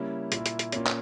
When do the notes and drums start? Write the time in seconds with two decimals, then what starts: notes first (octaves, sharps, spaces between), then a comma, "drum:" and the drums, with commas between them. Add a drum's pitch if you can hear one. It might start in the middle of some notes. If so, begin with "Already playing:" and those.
Already playing: C#3 G3 A#3 C#4 E4
0.32 A#2 A#3 E4, drum: hi-hat
0.46 drum: hi-hat
0.59 drum: hi-hat
0.72 A#2 A#3 C#4, drum: hi-hat
0.87 drum: clap